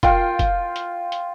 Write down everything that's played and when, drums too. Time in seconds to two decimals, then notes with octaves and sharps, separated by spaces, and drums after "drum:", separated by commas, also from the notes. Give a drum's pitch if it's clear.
0.03 F4 F5 G5, drum: kick, hi-hat
0.39 drum: kick, hi-hat
0.76 drum: hi-hat
1.12 drum: hi-hat